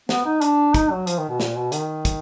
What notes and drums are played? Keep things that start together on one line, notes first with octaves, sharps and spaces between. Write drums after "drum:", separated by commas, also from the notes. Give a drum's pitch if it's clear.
B3, drum: snare
D#4
D4, drum: hi-hat
D#4, drum: kick, hi-hat
F#3
F3, drum: hi-hat
D#3
B2
A#2, drum: snare
B2
D#3, drum: hi-hat
drum: kick, hi-hat